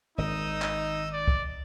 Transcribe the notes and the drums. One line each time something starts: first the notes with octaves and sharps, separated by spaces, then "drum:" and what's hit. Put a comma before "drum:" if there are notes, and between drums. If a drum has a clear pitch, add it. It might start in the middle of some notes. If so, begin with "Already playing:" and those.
G#1 D#3 D#4 D#5 D#6 E6
drum: clap
D5
drum: kick C2